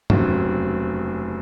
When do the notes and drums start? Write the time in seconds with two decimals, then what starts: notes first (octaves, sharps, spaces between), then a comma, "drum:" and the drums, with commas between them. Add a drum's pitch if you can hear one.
0.10 F1 D#2 C#3 F#3 C4, drum: tom G2